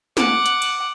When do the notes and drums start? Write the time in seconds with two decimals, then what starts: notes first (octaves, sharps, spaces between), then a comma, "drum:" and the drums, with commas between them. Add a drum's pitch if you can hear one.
0.17 F#5 D6, drum: snare
0.46 drum: hi-hat
0.62 drum: cymbal